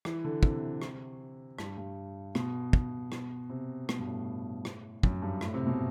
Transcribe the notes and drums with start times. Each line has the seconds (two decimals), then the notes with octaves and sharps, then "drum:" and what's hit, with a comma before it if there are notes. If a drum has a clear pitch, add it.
0.05 E3, drum: rim click
0.24 D3
0.43 C3, drum: kick
0.82 drum: rim click
1.59 G2, drum: rim click
1.78 G2
2.35 B2, drum: rim click
2.73 drum: kick
3.12 drum: rim click
3.50 C3
3.89 B2, drum: rim click
3.99 G2
4.07 A2
4.65 drum: rim click
5.03 F#2, drum: kick
5.22 G2
5.41 A2, drum: rim click
5.54 C3
5.67 B2